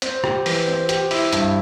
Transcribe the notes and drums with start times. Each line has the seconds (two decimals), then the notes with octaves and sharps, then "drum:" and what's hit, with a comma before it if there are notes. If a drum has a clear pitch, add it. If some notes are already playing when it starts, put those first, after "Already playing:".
0.02 C4, drum: hi-hat
0.24 G4, drum: rim click
0.46 E3, drum: open hi-hat
0.67 C4
0.89 G4, drum: hi-hat
1.11 E4, drum: open hi-hat
1.33 G2, drum: hi-hat